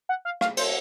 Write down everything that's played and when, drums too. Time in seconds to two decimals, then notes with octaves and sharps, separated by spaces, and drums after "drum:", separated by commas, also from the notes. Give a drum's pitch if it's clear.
0.09 F#5
0.25 F5
0.41 F5, drum: rim click
0.57 C5, drum: cymbal